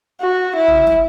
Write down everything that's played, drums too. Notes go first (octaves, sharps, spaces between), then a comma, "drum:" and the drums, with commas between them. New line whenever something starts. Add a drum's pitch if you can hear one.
F#4
E4
drum: tom
drum: snare